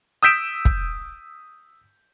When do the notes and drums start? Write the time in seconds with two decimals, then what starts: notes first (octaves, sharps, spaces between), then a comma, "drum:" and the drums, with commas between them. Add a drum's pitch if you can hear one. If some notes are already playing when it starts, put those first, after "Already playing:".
0.23 D#6 E6 G6 B6 D7 E7
0.65 drum: kick